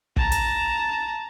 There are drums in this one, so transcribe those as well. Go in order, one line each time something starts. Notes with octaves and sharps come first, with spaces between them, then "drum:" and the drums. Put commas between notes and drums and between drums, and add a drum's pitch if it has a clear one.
A5 A#5, drum: kick
drum: hi-hat